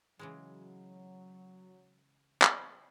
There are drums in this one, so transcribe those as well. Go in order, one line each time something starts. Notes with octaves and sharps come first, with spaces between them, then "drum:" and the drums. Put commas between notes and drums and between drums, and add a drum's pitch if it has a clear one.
C#3 E3 F#3 G#3
drum: clap